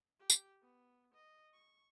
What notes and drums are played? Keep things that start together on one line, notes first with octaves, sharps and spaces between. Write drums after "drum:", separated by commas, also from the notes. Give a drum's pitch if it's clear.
G4
drum: tambourine
B3
D#5
C#6